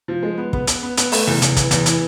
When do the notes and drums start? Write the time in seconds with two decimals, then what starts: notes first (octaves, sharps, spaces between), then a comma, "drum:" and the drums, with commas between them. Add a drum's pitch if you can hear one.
0.08 F3
0.23 G#3
0.38 B3
0.53 B3, drum: kick
0.67 B3, drum: hi-hat
0.83 B3
0.97 B3, drum: hi-hat
1.12 A3, drum: open hi-hat
1.27 E2
1.42 E2, drum: hi-hat
1.57 E3, drum: kick, hi-hat
1.71 E2, drum: hi-hat
1.86 E3, drum: hi-hat